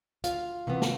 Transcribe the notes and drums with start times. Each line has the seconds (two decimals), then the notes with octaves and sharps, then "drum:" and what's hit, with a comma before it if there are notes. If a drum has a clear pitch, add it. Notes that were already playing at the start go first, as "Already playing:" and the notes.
0.24 D2 F4 F5, drum: hi-hat
0.67 C3 E3 B3
0.82 drum: snare